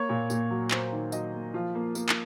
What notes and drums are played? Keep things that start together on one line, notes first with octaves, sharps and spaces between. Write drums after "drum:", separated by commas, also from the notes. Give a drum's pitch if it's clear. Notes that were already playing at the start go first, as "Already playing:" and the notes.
Already playing: A#3 C#5
A#2
A#2, drum: tambourine
F#3
A#3 C5, drum: clap
D#3
F#3 D#5, drum: tambourine
A#3
F3 F4
A#3
A#3, drum: tambourine
drum: clap